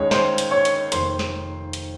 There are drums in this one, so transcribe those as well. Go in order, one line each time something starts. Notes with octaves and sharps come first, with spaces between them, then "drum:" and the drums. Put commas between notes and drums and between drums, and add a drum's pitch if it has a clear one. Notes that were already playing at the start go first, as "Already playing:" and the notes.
Already playing: D#2 G#3 C#4 C#5
C5 C6, drum: snare
drum: hi-hat
C#5 C#6
drum: hi-hat
F1 D#2 D#3 C5 C6, drum: hi-hat
drum: snare
drum: hi-hat